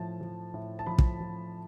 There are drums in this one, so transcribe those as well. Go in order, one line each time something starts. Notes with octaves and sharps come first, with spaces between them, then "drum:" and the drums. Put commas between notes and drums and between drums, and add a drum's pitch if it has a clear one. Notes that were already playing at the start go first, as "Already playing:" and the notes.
Already playing: A2 F3 A5
F3
A2
A5
F3 B5
drum: kick
F3